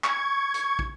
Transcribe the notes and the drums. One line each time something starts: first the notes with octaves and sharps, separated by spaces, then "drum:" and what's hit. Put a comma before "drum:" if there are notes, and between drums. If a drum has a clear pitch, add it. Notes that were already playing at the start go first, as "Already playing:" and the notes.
C#6 G#6, drum: clap
drum: hi-hat
drum: kick